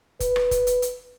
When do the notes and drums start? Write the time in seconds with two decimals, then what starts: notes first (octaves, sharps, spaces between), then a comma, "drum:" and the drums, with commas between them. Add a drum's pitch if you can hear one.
0.20 B4, drum: kick, hi-hat
0.36 drum: rim click
0.51 drum: kick, hi-hat
0.67 drum: hi-hat
0.82 drum: hi-hat